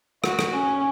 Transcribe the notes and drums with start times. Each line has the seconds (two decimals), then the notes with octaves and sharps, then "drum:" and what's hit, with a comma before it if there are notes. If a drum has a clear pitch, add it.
0.24 F#4, drum: rim click
0.39 drum: rim click
0.53 C#4